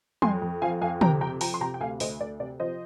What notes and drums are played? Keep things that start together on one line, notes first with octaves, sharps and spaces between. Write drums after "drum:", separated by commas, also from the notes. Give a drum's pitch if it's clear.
F2 G#5 C6, drum: tom
F2
F3 F5 G#5
F2 F5 G#5
C3 G5 A#5, drum: tom
F2 G5 A#5
F3 G5 A#5, drum: open hi-hat
C6
C3 G5 A#5
G5
D2 F5 G#5
D2 C5 D#5, drum: open hi-hat
D2 D5
C3 D5
F3 C5 D#5